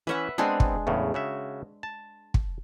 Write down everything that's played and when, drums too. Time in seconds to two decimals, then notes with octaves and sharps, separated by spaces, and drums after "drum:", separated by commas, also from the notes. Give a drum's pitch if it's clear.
0.07 E3 C#4 B4 E5 F#5
0.38 G#3 B3 C4 D4 G#4
0.60 drum: kick
0.87 E2 A2 C#3
1.14 C#3 F#4 E5
1.83 A5
2.34 drum: kick